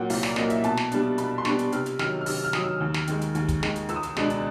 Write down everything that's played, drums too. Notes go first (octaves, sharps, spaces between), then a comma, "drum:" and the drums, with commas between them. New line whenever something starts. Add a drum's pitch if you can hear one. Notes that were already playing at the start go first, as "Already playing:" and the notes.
Already playing: A#2 F#3 A#3 F#5 G5
C2 F5, drum: open hi-hat
D5, drum: snare
A#2 F#3 A#3 D#5, drum: snare
E5, drum: hi-hat
B2 A5, drum: hi-hat
drum: snare
G3 B3 D4, drum: hi-hat
B2 B5, drum: hi-hat
C6
G3 B3 D4 C#6, drum: snare
drum: hi-hat
C3 F6, drum: hi-hat
drum: hi-hat
D#3 F#3 F6, drum: snare
F6
C3 E6, drum: open hi-hat
F6
D#3 F#3 D#6, drum: snare
E6
D#2
drum: snare
D#3 G#3, drum: hi-hat
drum: hi-hat
D#2, drum: hi-hat
drum: kick, hi-hat
D#3 G#3, drum: snare
drum: hi-hat
C#2 E6, drum: hi-hat
D#6
E6, drum: hi-hat
B2 G#3 B3 D4, drum: snare
drum: hi-hat